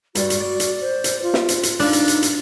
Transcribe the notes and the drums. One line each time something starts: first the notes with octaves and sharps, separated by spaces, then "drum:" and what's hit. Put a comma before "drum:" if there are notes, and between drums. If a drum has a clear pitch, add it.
G2 G3 F#4, drum: hi-hat
drum: hi-hat
D5
drum: hi-hat
C5
drum: hi-hat
F4
drum: snare
drum: hi-hat
drum: hi-hat
D4 D#4 F4 B4, drum: open hi-hat
drum: hi-hat
drum: hi-hat
drum: hi-hat